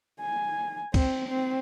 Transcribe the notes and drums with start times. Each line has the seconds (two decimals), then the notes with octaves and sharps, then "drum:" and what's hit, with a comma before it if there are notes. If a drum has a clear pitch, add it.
0.20 G#5
0.94 C4, drum: kick, cymbal
1.29 C4